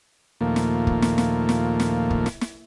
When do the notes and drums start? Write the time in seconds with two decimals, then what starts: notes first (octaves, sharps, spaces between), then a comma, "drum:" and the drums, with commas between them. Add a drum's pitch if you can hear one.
0.41 D#2 A#2 F3 A3 A#3
0.56 drum: snare
0.87 drum: kick
1.02 drum: snare
1.18 drum: snare
1.49 drum: snare
1.80 drum: snare
2.10 drum: kick
2.26 drum: snare
2.41 drum: snare